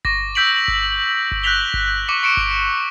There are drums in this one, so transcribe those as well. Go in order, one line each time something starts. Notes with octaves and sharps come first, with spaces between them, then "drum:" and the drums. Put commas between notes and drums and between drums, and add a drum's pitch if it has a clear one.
C#6 D6 A#6, drum: kick G1
E6 G6 B6 D7 F#7
drum: kick G1
drum: kick G1
F#6 G6 A#6 B6 F7 G7
drum: kick G1
G6
C#6 D6 C#7
C#6 C#7 D7 E7
drum: kick G1